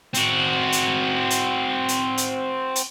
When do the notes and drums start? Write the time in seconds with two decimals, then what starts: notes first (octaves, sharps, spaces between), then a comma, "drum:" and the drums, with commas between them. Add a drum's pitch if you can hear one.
0.14 C4 F#4, drum: hi-hat
0.72 drum: hi-hat
1.30 drum: hi-hat
1.89 drum: hi-hat
2.18 drum: hi-hat
2.76 drum: hi-hat